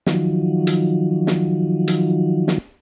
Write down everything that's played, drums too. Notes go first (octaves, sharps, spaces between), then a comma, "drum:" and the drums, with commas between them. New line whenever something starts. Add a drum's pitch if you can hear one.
D#3 F3 F#3, drum: snare
drum: hi-hat
drum: snare
drum: hi-hat
drum: snare